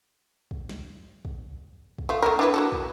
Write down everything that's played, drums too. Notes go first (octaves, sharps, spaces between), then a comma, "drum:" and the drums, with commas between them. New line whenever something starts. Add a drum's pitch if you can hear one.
drum: kick
drum: snare
drum: kick
drum: kick
A3 F4
A3 A#3 A#4
D4 E4 B4
A#3 F#4 A4
drum: kick